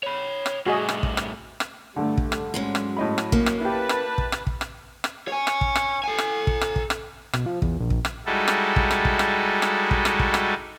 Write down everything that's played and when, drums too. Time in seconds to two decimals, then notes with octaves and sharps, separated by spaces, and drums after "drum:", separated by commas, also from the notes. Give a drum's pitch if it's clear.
0.03 C#5 B5
0.46 drum: rim click
0.66 A2 G3 F#4 G#4 D#5
0.89 drum: rim click
1.03 drum: kick
1.17 drum: rim click
1.60 drum: rim click
1.96 G2 D3 G3 A3
2.17 drum: kick
2.32 drum: rim click
2.54 G#2 F#3 G#3 C#4
2.75 drum: rim click
2.97 A2 D#5 B5
3.18 drum: rim click
3.32 A#3 C#4, drum: kick
3.46 drum: rim click
3.61 E4 G4 B4 A5
3.89 drum: rim click
4.18 drum: kick
4.32 drum: rim click
4.47 drum: kick
4.61 drum: rim click
5.04 drum: rim click
5.28 C#5 G#5
5.47 drum: rim click
5.61 drum: kick
5.75 drum: rim click
6.04 A4 G#5
6.18 drum: rim click
6.47 drum: kick
6.61 drum: rim click
6.76 drum: kick
6.90 drum: rim click
7.33 B1, drum: rim click
7.46 F3
7.62 E2, drum: kick
7.80 A#1
7.90 drum: kick
8.05 drum: rim click
8.26 G3 G#3 D#4 E4 F#4 A4
8.48 drum: rim click
8.76 drum: kick
8.91 drum: rim click
9.05 drum: kick
9.19 drum: rim click
9.62 drum: rim click
9.91 drum: kick
10.05 drum: rim click
10.19 drum: kick
10.34 drum: rim click